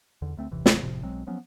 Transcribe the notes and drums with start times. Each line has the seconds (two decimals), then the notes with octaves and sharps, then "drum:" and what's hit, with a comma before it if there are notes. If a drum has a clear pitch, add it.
0.22 E2 D3
0.37 D2 A3 C4
0.52 F#1 D#2 C3 E3
0.66 drum: snare
0.81 F1 A2 C3 F3
1.03 B1 F#3 G#3 C4
1.27 F3 F#3 B3 C#4